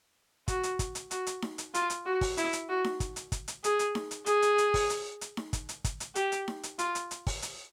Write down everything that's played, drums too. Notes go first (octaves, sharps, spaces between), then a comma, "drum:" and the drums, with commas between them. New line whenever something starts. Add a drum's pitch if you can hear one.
F#4, drum: kick, hi-hat
drum: hi-hat
drum: kick, hi-hat
drum: hi-hat
F#4, drum: hi-hat
drum: hi-hat
drum: snare D#4
drum: hi-hat
F4, drum: hi-hat
drum: hi-hat
F#4
drum: kick, open hi-hat
E4, drum: hi-hat
drum: hi-hat
F#4
drum: snare D#4
drum: kick, hi-hat
drum: hi-hat
drum: kick, hi-hat
drum: hi-hat
G#4, drum: hi-hat
drum: hi-hat
drum: snare D#4
drum: hi-hat
G#4, drum: hi-hat
drum: hi-hat
drum: hi-hat
drum: kick, open hi-hat
drum: hi-hat
drum: hi-hat
drum: snare D#4
drum: kick, hi-hat
drum: hi-hat
drum: kick, hi-hat
drum: hi-hat
G4, drum: hi-hat
drum: hi-hat
drum: snare D#4
drum: hi-hat
F4, drum: hi-hat
drum: hi-hat
drum: hi-hat
drum: kick, open hi-hat
drum: hi-hat